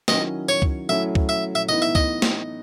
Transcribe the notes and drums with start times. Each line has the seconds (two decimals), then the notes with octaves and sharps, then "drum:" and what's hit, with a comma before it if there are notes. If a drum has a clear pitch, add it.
0.08 D#3 F#3 C#4 E4 D#5, drum: snare
0.49 C#5
0.62 drum: kick C#2
0.89 F#3 A3 C#4 E4 E5
1.15 drum: kick C#2
1.29 E5
1.55 E5
1.69 A2 E3 B3 D#4 D#5
1.82 E5
1.95 D#5, drum: kick C#2
2.22 drum: snare